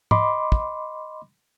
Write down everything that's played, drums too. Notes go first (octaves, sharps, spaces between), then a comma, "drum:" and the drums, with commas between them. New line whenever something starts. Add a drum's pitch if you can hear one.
D#5 B5 C6 D6, drum: tom G#2
drum: kick